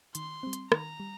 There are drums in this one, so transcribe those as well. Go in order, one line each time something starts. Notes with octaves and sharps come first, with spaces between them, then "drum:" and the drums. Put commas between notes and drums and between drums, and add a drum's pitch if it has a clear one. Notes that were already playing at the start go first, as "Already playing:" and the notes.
D#3 C6, drum: hi-hat
G3 C4
drum: hi-hat
D#3 A#5, drum: rim click
G3